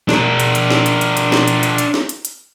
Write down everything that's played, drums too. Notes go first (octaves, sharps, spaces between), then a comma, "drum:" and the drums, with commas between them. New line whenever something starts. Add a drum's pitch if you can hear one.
D4 A#4, drum: snare
drum: hi-hat
drum: hi-hat
drum: snare
drum: hi-hat
drum: hi-hat
drum: hi-hat
drum: snare
drum: hi-hat
drum: hi-hat
drum: hi-hat
drum: snare
drum: hi-hat
drum: hi-hat